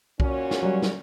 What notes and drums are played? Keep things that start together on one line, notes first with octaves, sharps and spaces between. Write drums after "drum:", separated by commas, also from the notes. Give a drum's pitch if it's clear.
A#2 C#4 F#4, drum: kick B1
drum: snare
F#3 G3
drum: snare